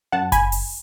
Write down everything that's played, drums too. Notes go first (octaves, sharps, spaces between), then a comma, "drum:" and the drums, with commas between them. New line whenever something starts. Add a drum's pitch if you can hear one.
F#2 F#5 A5
G#5 B5, drum: kick F#1, hi-hat
drum: open hi-hat